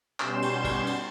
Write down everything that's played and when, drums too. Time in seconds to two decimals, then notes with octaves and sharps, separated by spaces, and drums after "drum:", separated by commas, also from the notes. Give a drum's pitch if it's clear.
0.20 B2 G3 C#4 C6 G6 E7, drum: clap
0.42 drum: cymbal
0.64 drum: kick, cymbal
0.87 drum: cymbal